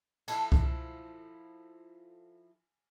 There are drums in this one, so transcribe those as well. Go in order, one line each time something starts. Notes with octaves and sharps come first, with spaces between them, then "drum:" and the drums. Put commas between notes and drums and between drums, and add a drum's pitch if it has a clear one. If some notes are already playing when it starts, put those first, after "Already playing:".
F3 E4 A4, drum: cymbal
drum: kick C2